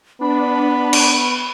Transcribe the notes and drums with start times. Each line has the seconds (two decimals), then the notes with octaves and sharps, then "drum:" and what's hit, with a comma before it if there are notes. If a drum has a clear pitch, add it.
0.21 B3 D4 B5
0.93 drum: cymbal